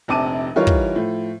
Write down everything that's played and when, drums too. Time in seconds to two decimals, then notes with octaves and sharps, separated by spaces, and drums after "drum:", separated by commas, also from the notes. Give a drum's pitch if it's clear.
0.08 F1 A#1 C3 A5 D6 D#7
0.56 E3 G3 D#4 F4 A#4 C#5
0.67 drum: kick
0.95 A2 F3